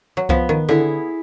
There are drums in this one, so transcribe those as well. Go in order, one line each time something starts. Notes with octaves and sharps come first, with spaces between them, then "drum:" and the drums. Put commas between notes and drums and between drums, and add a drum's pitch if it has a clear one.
F#3
F3 B3, drum: kick C2
D#3
D3 E4 G#4 C#5